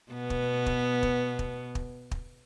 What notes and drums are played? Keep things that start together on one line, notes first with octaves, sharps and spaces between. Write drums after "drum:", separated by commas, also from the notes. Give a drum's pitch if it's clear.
B2 B3
drum: kick
drum: kick
drum: kick
drum: kick
drum: kick
drum: kick